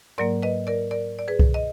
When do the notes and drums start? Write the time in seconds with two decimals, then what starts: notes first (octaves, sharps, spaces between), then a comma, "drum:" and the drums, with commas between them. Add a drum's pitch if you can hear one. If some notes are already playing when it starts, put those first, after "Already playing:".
0.18 G#2 F#3 A#3 A#4 D5
0.42 B4 D#5
0.67 A#4 D5
0.91 A#4 D5
1.19 D5
1.28 G#4 B4
1.39 drum: kick C2
1.54 D#5